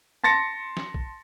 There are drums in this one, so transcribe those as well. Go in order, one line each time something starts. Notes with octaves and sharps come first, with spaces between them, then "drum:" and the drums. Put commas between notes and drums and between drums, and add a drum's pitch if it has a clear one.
A5 C6 A6 A#6 C#7
drum: snare
drum: kick A#1